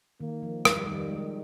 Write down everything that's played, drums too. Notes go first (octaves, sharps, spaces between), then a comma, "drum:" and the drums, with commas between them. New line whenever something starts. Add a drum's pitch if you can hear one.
D#3 A#3
F3
G3, drum: rim click
D#3 G3
G#3